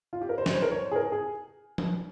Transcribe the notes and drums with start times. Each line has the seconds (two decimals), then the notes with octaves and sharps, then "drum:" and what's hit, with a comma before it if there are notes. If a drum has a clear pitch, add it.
0.13 F4
0.21 G4
0.29 A#4
0.38 C5
0.46 C#5, drum: snare
0.54 C5
0.62 A#4
0.71 C#5
0.80 C5
0.91 G#4
0.96 A#4
1.12 G#4
1.78 drum: tom F3